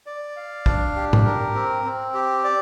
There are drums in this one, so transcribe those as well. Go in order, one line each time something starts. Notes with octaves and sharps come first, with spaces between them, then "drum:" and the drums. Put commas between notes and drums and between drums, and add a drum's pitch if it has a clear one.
D5
F5
D4, drum: kick
G4
drum: tom G#2
A#4
C4
C4
G4
D5